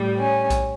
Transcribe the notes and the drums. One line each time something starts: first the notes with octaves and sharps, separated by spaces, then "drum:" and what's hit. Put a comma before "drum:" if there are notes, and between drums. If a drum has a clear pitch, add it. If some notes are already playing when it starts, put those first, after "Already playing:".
Already playing: A2 G3
C#4
drum: kick A#1, hi-hat